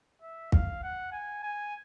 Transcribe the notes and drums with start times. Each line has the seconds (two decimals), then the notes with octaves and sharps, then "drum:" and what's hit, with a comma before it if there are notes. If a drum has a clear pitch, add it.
0.22 E5
0.52 F5, drum: kick
0.83 F#5
1.12 G#5
1.43 G#5